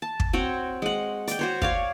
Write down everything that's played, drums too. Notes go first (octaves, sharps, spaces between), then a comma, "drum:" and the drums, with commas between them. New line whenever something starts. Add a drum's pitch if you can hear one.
A5
drum: kick
C4 F#4 C#5 G5
G#3 F#5
D5 G5, drum: hi-hat
F#4 C5 C#5
C#5 D5 F5, drum: kick